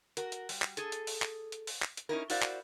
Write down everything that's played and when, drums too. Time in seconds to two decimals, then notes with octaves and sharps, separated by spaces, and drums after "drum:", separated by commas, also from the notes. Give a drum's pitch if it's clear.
0.17 F#4 A#4, drum: hi-hat
0.32 drum: hi-hat
0.49 G3, drum: open hi-hat
0.62 drum: clap
0.77 G#4 A4, drum: hi-hat
0.92 drum: hi-hat
1.07 drum: open hi-hat
1.22 drum: clap
1.52 drum: hi-hat
1.67 drum: open hi-hat
1.82 drum: clap
1.97 drum: hi-hat
2.09 C#4 D#4 E4 A#4
2.30 E4 F#4 A#4 C5 D5 F5, drum: open hi-hat
2.42 drum: clap